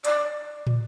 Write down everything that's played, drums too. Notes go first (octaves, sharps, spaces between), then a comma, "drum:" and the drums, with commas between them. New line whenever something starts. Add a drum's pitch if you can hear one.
D5, drum: hi-hat
drum: tom